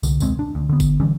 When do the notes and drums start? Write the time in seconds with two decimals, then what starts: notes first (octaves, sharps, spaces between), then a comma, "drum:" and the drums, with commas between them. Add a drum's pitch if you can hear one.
0.03 C2 D3, drum: tambourine
0.20 E1 C#2 G#3 C4, drum: tambourine
0.39 D4
0.55 D2
0.69 D3 B3
0.80 drum: kick G1, tambourine
1.00 D3 E3 G3 C#4